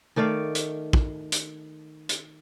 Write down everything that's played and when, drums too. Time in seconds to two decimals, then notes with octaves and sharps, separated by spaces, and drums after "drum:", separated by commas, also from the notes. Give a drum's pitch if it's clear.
0.16 D#3 A3 D5 F5
0.55 drum: hi-hat
0.93 drum: kick
1.32 drum: hi-hat
2.09 drum: hi-hat